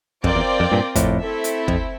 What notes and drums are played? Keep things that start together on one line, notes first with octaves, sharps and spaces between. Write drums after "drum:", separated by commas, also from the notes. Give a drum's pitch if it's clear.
F2 C4 F4 A#4 D5 G5, drum: kick
E2
F2
G2 A#2
F2 A2, drum: kick, hi-hat
A3 C4 E4 A4 E5
drum: hi-hat
F2, drum: kick